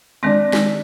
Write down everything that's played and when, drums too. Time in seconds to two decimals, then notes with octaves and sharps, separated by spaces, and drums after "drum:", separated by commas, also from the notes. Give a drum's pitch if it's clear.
0.23 D#3 G#3 C4 D4 A#6
0.53 G#3, drum: snare